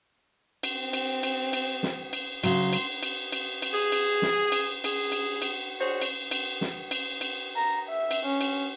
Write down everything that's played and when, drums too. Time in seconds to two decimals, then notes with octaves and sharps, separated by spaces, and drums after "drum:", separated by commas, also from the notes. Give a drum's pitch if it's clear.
0.63 drum: cymbal
0.75 C4
0.93 drum: cymbal
1.23 drum: cymbal
1.53 drum: cymbal
1.83 drum: snare
2.13 drum: cymbal
2.43 C#3 F#3 C6, drum: cymbal
2.73 drum: cymbal
3.03 drum: cymbal
3.32 drum: cymbal
3.62 drum: cymbal
3.73 G#4
3.92 drum: cymbal
4.22 drum: snare
4.52 drum: cymbal
4.84 G#4, drum: cymbal
5.12 drum: cymbal
5.42 drum: cymbal
5.80 D4 F#4 G#4 C5 C#5
6.01 drum: cymbal
6.31 drum: cymbal
6.61 drum: snare
6.91 drum: cymbal
7.21 drum: cymbal
7.56 A#5
7.89 E5
8.11 drum: cymbal
8.26 C#4
8.41 drum: cymbal